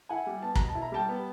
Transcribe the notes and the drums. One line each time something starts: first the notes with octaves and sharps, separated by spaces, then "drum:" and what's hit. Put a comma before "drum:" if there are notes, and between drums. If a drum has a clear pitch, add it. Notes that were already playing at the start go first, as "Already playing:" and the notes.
E4 F#5 G#5
G3
B3 A5
B2 A#5, drum: kick
A5
E4
A#5
G3 G5 A5
B3